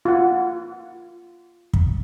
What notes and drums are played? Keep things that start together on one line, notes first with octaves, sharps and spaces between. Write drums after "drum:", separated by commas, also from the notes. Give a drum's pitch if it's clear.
F4 F#5
drum: kick